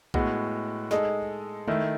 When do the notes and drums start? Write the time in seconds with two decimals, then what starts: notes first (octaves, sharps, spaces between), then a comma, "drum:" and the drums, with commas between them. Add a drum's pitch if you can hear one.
0.14 A2 G#3 B3 F#4, drum: kick A#1
0.91 G#3 D#4 A4, drum: snare
1.68 D#3 A3 E4, drum: tom G#3